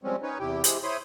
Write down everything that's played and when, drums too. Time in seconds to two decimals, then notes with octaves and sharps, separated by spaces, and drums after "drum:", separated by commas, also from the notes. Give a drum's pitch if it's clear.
0.03 F3 G3 G#3 C4 C#4
0.23 C#4 D#4 B4 C#5
0.40 E2 C3 E4 G4 G5
0.64 G#3 E4 G4 G#4 C5, drum: hi-hat
0.84 E4 C5 C#5 B5 C6 D#6